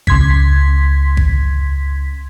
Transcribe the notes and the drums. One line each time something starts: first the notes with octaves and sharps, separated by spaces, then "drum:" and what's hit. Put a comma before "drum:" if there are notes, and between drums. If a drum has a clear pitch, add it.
C#2 C6 G#6 B6, drum: kick G#1
drum: kick G#1